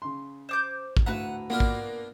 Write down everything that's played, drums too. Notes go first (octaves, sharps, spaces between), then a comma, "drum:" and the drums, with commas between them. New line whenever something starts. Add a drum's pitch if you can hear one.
C#3 C6
C5 D6 G6
drum: kick
D2 A2 F#4 B4 F5 F#5 A#5
A#3 B3 D4 F4 A#4
drum: kick